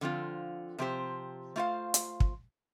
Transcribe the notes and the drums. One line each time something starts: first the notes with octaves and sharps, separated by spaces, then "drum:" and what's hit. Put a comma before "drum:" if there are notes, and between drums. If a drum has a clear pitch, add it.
D3 F3 C4 F4
C3 F3 C4 G4 C5
A3 F4 C5 F5
drum: hi-hat
drum: kick